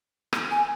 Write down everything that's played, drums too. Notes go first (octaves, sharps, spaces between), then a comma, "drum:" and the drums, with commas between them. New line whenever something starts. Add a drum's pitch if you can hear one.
drum: rim click
G#5